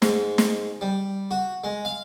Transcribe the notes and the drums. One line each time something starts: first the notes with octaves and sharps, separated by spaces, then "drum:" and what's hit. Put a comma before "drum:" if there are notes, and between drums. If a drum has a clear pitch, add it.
G#2, drum: snare
drum: snare
G3
F#4
G#3
F5